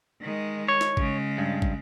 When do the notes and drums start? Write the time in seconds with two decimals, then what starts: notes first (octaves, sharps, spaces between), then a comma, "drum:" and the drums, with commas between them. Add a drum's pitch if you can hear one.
0.22 D#3 G#3
0.68 C#5
0.81 drum: snare
0.97 C#3 G#3, drum: kick
1.38 G2
1.62 drum: kick